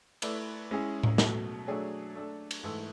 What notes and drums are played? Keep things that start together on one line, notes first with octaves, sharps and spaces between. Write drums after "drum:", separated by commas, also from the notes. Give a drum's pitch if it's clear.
A3 E4 B4 D5, drum: cymbal
G#3 C#4 E4 G#4
drum: tom A2
B2 F#3 A3, drum: snare
F#3 A3 D4 G#4 C#5
A3 D4 A4
drum: cymbal
G#2 E3 A3 E4 A4